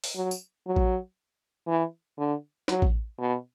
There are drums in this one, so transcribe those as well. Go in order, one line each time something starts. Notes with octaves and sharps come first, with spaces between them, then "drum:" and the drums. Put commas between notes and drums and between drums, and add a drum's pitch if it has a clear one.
drum: open hi-hat
F#3
drum: tambourine
F#3
drum: kick A1
E3
D3
F#3, drum: snare
drum: kick A1
B2